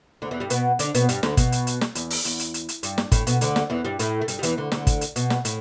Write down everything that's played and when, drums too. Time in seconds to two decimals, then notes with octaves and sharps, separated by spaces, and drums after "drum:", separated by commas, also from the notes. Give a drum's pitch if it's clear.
0.22 D2 D3
0.31 E2 E3
0.40 G2 G3
0.50 B2 B3, drum: hi-hat
0.79 D3 D4, drum: hi-hat
0.95 B2 B3, drum: hi-hat
1.09 G2 G3, drum: hi-hat
1.23 D2 D3, drum: snare
1.37 B2, drum: kick, hi-hat
1.52 drum: hi-hat
1.67 drum: hi-hat
1.81 drum: snare
1.95 E2, drum: hi-hat
2.10 drum: open hi-hat
2.25 E2, drum: hi-hat
2.40 drum: hi-hat
2.54 drum: hi-hat
2.69 drum: hi-hat
2.83 G2, drum: hi-hat
2.98 drum: snare
3.12 A2, drum: kick, hi-hat
3.27 B2, drum: hi-hat
3.41 D2 D3, drum: hi-hat
3.56 drum: snare
3.70 E2 E3
3.85 G2 G3
3.99 A2 A3, drum: hi-hat
4.21 A3
4.28 G2 G3, drum: hi-hat
4.39 G3
4.43 E2 E3, drum: hi-hat
4.57 D2 D3
4.72 D2 D3, drum: snare
4.87 drum: kick, hi-hat
5.01 drum: hi-hat
5.16 B2, drum: hi-hat
5.30 drum: snare
5.45 A2, drum: hi-hat